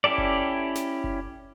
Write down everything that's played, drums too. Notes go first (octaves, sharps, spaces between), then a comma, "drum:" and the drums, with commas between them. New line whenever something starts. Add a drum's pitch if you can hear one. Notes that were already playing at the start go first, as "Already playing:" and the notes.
C#4 E4 G4 A4 D5
drum: kick F#1
drum: snare
drum: kick F#1